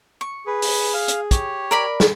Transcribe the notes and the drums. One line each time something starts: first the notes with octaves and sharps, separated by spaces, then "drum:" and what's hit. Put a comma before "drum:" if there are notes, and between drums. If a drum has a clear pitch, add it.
C#6
G#4 B4
drum: open hi-hat
F5
drum: hi-hat
G4 C#5, drum: kick, hi-hat
A#4 D5 B5
drum: snare